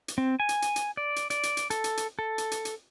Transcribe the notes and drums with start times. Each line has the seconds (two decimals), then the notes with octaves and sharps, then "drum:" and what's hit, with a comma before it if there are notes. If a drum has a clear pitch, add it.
0.08 drum: hi-hat
0.18 C4
0.40 G#5
0.49 drum: hi-hat
0.62 drum: hi-hat
0.76 drum: hi-hat
0.97 D5
1.16 drum: hi-hat
1.30 D5, drum: hi-hat
1.43 drum: hi-hat
1.57 drum: hi-hat
1.70 A4, drum: hi-hat
1.84 drum: hi-hat
1.97 drum: hi-hat
2.19 A4
2.38 drum: hi-hat
2.51 drum: hi-hat
2.65 drum: hi-hat